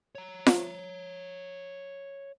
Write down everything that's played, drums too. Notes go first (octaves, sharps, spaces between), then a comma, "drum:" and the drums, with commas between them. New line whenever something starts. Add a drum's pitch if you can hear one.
C#5 A#5
drum: snare F4